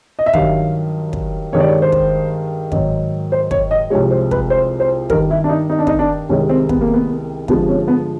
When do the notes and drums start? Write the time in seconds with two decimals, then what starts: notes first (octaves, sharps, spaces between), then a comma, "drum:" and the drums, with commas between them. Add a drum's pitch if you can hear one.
0.19 D#5
0.26 E5
0.34 G2 D#3 F#3 F5, drum: kick
1.13 drum: kick
1.53 G2 D#3 G#3 C#5
1.60 D5
1.68 C#5
1.82 C5
1.92 drum: kick
2.72 G#2 D#3 F#3, drum: kick
3.32 C5
3.51 C#5, drum: kick
3.71 D#5
3.90 C2 C3 F3 G#3 C#5
4.11 C5
4.31 B4, drum: kick
4.50 C5
4.80 C5
5.10 G2 D#3 G3 A#4, drum: kick
5.31 E4
5.44 D4
5.49 D#4
5.70 D#4
5.79 D4
5.87 D#4, drum: kick
5.99 D4
6.29 C2 C3 D#3 G#3 C#4
6.49 C4
6.69 B3, drum: kick
6.81 A#3
6.93 B3
7.48 G2 D3 F3 G#3 B3, drum: kick
7.69 C#4
7.88 B3